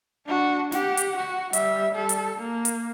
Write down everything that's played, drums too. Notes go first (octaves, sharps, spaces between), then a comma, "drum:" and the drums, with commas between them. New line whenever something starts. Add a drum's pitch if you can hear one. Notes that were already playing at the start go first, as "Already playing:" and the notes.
D4 F#4
G4 F#5, drum: snare
drum: hi-hat
F#4
G3 E5, drum: hi-hat
G3 A4
drum: hi-hat
A#3
drum: hi-hat